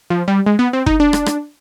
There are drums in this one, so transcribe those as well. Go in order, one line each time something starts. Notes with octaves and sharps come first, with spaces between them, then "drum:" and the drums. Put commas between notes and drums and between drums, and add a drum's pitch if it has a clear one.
F3
G3
G#3
B3
C4
D#4, drum: kick
D4
drum: rim click
drum: rim click